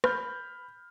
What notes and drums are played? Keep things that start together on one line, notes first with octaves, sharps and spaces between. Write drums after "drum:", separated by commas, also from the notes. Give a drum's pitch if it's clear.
B5 F6 G6, drum: rim click